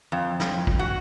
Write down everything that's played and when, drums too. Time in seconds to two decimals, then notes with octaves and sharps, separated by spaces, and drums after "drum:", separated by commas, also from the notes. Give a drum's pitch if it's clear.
0.12 F2
0.40 drum: snare
0.67 drum: kick
0.79 F#4